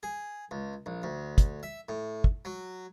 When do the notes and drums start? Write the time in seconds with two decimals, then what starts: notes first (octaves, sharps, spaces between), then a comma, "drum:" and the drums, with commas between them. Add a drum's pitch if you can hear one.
0.03 G#4
0.51 C#2
0.86 A#1
1.03 D2
1.38 drum: kick, hi-hat
1.63 E5
1.89 A2
2.24 drum: kick
2.45 F#3